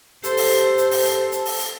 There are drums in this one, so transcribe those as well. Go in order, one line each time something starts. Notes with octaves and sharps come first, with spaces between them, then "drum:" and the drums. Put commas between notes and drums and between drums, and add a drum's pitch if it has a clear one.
G4 A4 C5, drum: hi-hat
drum: open hi-hat
drum: hi-hat
drum: hi-hat
drum: open hi-hat
drum: hi-hat
drum: hi-hat
drum: open hi-hat
drum: hi-hat